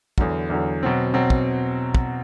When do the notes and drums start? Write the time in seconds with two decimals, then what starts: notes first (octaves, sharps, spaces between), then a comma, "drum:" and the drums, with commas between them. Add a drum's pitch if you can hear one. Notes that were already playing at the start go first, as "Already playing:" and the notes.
0.18 E2 D3 F#3, drum: kick
0.50 E2 D3 F#3
0.83 B2 F#3 C4
1.14 B2 F#3 C4
1.30 drum: kick
1.95 drum: kick